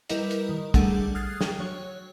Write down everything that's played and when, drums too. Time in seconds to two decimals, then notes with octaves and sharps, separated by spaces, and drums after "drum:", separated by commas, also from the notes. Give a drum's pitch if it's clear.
0.09 G3 E4 A#4 B4 D#5, drum: hi-hat
0.31 drum: hi-hat
0.49 D#3
0.74 G3 A3 D4 G#4 A4 F#5, drum: kick, hi-hat
1.15 D#6 F6 F#6 G#6 A6 C7
1.41 G5, drum: snare
1.59 F#3 C#5